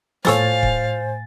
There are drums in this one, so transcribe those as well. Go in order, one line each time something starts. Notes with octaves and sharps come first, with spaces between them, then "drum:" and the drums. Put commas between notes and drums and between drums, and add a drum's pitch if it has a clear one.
A2 F3 A4 C5 C#5 F5 G#5 A6, drum: snare
drum: kick C#1